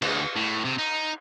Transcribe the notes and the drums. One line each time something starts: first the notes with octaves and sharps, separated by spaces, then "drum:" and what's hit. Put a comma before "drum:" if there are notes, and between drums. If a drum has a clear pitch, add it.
D2, drum: cymbal
A2
C3
D#4